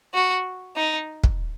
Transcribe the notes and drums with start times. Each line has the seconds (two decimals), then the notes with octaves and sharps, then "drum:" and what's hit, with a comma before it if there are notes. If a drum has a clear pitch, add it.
0.14 F#4
0.77 D#4
1.24 drum: kick